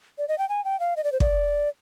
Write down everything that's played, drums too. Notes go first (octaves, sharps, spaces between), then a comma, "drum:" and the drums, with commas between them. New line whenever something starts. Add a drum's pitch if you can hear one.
D5
D#5
G5
G#5
G5
F5
D#5
D5
C5
D5, drum: kick